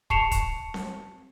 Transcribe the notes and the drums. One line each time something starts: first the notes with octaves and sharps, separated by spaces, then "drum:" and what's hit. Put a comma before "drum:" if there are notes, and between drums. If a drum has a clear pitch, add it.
A5 C#6 C7 C#7 E7 F7, drum: kick
drum: kick, hi-hat
drum: snare C4